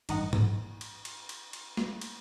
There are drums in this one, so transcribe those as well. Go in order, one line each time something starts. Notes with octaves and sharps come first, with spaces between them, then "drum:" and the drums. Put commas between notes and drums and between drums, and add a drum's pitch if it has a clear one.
A1 G2 D#3 D#4 D#5 F#5, drum: cymbal
drum: tom G#2
drum: cymbal
drum: cymbal
drum: cymbal
drum: cymbal
drum: snare
drum: cymbal